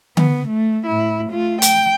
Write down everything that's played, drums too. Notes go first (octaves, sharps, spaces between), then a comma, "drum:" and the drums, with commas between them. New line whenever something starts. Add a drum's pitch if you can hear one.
B3, drum: tom D3
A3
A2 E4
A3 F4
G5, drum: hi-hat